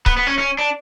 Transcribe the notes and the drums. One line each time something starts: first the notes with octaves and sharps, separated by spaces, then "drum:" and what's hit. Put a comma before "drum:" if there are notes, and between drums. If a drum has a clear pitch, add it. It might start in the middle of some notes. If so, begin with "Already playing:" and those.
B3, drum: kick C#1
B3
C#4
C#4
D4